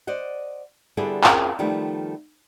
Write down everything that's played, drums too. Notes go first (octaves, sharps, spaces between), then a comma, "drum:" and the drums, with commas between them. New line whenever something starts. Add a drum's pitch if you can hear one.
C5 D5 D#5 F#5
D3 G3 B3 E4 G#4 A4
F2 F3 C#4 D#4 G#4 A#4, drum: clap
D#3 F3 G3 A3 B3